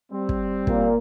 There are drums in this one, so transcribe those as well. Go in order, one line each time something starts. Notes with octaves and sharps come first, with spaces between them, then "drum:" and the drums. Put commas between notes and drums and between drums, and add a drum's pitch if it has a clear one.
G3 C4
drum: kick
A#2, drum: kick